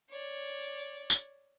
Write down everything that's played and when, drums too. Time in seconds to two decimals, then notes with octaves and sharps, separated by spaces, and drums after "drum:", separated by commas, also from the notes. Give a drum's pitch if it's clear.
0.10 C#5 D5
1.10 drum: tambourine